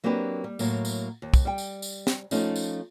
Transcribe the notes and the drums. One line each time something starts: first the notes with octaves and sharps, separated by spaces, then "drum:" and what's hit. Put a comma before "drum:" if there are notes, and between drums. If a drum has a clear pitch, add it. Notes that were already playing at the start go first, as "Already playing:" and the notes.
F#3 A#3 C4 D4 G4 B4
G3
A2 F#3 A#3, drum: tambourine
drum: tambourine
D#2
drum: kick, tambourine
G3 G5
drum: tambourine
drum: tambourine
drum: snare
F3 A3 C#4 D#4, drum: tambourine
drum: tambourine